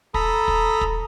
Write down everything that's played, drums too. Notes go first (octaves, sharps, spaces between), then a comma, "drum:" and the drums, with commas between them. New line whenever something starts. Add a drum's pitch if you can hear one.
A4 A#5 B5 D#6, drum: kick
drum: kick
drum: kick